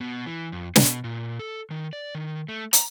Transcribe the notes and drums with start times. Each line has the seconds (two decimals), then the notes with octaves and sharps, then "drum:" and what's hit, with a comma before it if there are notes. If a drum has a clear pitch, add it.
0.01 B2
0.26 E3
0.52 F2
0.76 B2, drum: snare
1.04 A#2
1.39 A4
1.71 D#3
1.93 D5
2.15 D#3
2.49 A3
2.73 A#5, drum: hi-hat